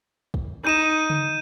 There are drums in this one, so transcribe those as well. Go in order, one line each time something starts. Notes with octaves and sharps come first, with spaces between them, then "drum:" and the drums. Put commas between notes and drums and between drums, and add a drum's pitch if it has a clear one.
drum: kick
D#4 G6 D#7 E7
drum: tom C#3